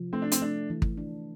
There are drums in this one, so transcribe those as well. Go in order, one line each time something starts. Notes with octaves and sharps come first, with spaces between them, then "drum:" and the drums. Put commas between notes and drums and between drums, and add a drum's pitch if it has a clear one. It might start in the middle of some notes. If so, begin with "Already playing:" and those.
Already playing: C3 F3
A3 C4
D4
C4, drum: hi-hat
A3 D4
E3
drum: kick
D4